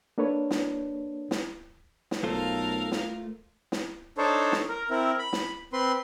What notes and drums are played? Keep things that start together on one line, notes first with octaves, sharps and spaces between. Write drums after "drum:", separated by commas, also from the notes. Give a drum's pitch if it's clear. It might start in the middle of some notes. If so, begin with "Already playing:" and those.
A#3 D4 A4 B4 C#5
drum: snare
drum: snare
drum: snare
B1 A3 F4 A4 A#4 C5 F5
drum: snare
drum: snare
D4 D#4 A4 C5 C#5
drum: snare
A#4
C4 E4 A#4
B5
drum: snare
C4 B4 C6